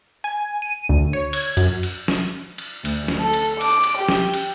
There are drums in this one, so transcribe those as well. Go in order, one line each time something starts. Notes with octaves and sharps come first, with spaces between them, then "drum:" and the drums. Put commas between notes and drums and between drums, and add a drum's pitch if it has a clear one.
G#5
D#7
D2
C#5
G#6, drum: cymbal
F#2, drum: cymbal
drum: cymbal
drum: snare
drum: cymbal
D2, drum: cymbal
drum: snare
A4
drum: cymbal
D6, drum: cymbal
drum: cymbal
G4
drum: snare
drum: cymbal